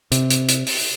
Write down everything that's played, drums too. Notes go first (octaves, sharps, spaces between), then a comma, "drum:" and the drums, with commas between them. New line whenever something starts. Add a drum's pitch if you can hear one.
C3, drum: hi-hat
drum: hi-hat
drum: hi-hat
drum: open hi-hat